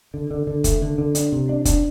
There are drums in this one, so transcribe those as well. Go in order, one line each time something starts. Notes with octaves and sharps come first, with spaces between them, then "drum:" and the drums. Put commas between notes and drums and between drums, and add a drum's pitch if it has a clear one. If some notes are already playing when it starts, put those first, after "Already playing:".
D3
D3
D3
A3, drum: kick, hi-hat
D3
D3
D4, drum: hi-hat
C3
D4
D4, drum: kick, hi-hat